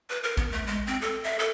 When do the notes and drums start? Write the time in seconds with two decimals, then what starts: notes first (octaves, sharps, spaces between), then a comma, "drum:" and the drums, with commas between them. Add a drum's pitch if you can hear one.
0.10 B4
0.23 A#4
0.37 B3, drum: kick A1
0.52 A3
0.67 G#3
0.87 C4
1.01 A4
1.24 E5
1.39 A4